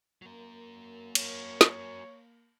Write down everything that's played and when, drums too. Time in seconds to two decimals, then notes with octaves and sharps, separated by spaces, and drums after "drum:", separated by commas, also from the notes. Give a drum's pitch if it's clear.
0.22 F#3 A#3 A#4
1.15 C#5, drum: cymbal
1.61 drum: snare